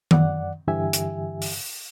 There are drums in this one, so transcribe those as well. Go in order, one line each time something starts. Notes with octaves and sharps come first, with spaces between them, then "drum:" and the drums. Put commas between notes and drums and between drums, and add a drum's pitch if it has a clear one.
F#2 D5 F#5, drum: tom D#3
G2 D3 E3 G4 E5 G#5
drum: hi-hat
drum: open hi-hat